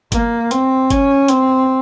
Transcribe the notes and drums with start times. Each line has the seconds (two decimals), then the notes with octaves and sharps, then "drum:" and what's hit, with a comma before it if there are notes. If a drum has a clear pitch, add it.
0.12 A#3, drum: kick G1, hi-hat
0.51 C4, drum: hi-hat
0.90 C#4, drum: kick G1, hi-hat
1.28 C4, drum: hi-hat